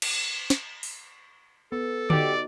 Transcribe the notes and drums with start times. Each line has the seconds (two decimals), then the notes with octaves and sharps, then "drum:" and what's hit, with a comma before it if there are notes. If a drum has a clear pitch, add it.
0.02 drum: cymbal
0.50 drum: snare
0.83 drum: open hi-hat
1.72 B3 A4
2.10 D#4 F#4 G4 D5 D6, drum: tom D3